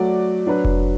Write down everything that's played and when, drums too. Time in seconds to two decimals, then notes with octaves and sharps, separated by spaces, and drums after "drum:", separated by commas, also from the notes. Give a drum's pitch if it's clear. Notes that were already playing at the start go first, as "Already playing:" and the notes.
Already playing: F#3 A3 F#4 D5
0.47 F#3 D4 B4
0.65 drum: kick F1